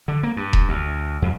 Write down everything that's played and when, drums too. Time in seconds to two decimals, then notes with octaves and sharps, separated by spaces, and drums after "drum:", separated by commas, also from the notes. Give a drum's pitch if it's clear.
0.08 D3
0.23 A#3
0.36 G2
0.53 drum: kick E1
0.69 D2
1.22 F2